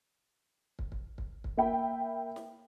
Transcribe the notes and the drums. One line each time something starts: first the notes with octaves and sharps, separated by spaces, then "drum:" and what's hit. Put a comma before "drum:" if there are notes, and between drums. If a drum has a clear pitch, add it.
drum: kick
drum: kick
drum: kick
drum: kick
A#3 E5 G5 B5
drum: snare